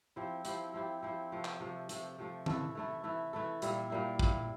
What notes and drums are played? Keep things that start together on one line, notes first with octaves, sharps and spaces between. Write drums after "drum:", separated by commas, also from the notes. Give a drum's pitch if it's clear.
F3 C4 E4 G4
F3 C4 E4 G4, drum: hi-hat
F3 C4 E4 G4
F3 C4 E4 G4
C3 F3 A3
drum: clap
C3 F3 A3
C3 F3 A3, drum: hi-hat
C3 F3 A3
E3 A3 E4 A4, drum: tom D#3
E3 A3 E4 A4
E3 A3 E4 A4
E3 A3 E4 A4
A#2 G3 A#3 E4, drum: hi-hat
A#2 G3 A#3 E4
A#2 G3 A#3 E4, drum: kick